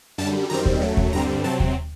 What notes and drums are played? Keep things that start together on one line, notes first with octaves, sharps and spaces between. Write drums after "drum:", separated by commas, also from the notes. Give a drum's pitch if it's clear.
F#2 D3 G3 A5
F#2 D#3 G3 C4 A#5
drum: kick D#2
F#2 F#3 A3
drum: kick D#2
G2 D3 G3 C4 A#5
C3 F#3 C4 A5
drum: kick D#2